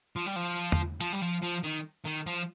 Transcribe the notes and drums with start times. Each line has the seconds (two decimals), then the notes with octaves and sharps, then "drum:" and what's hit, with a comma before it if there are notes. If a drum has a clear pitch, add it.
0.16 F3
0.26 G3
0.36 F3
0.72 drum: tom E2
1.01 F3, drum: hi-hat
1.13 G3
1.22 F3
1.42 F3
1.63 D#3
2.05 D#3
2.26 F3